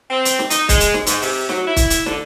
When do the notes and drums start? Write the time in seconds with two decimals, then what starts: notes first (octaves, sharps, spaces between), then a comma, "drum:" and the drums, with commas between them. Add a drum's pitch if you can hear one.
0.11 C4
0.25 drum: hi-hat
0.39 drum: snare
0.50 D#4, drum: hi-hat
0.69 G#3, drum: kick, hi-hat
0.80 drum: hi-hat
0.94 drum: snare
1.06 G#2, drum: hi-hat
1.22 C3, drum: open hi-hat
1.49 F#3, drum: snare
1.67 E4
1.76 drum: kick, hi-hat
1.90 drum: hi-hat
2.06 D3, drum: snare